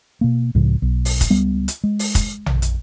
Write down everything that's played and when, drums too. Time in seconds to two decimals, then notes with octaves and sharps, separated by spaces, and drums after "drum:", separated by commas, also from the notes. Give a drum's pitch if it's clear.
0.21 B2 A#3
0.55 C#2 A2 C#3 F3
0.82 B1
1.05 drum: open hi-hat
1.21 drum: kick, hi-hat
1.30 C#2 G3 B3
1.68 drum: hi-hat
1.84 G#3
1.99 drum: open hi-hat
2.15 drum: kick, hi-hat
2.46 drum: tom A#1
2.62 drum: hi-hat